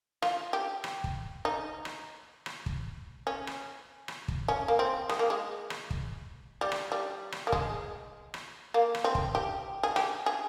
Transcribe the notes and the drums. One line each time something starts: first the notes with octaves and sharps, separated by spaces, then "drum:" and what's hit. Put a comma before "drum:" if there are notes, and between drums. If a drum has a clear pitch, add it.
F4, drum: rim click
G4
drum: rim click
drum: kick
D#4
drum: rim click
drum: rim click
drum: kick
C#4
drum: rim click
drum: rim click
drum: kick
C#4
A#3
C4
G#3, drum: rim click
A#3
G#3
drum: rim click
drum: kick
G3
drum: rim click
G3
drum: rim click
A#3
G#3, drum: kick
drum: rim click
A#3
drum: rim click
C4
drum: kick
G4
G#4
G4, drum: rim click
G#4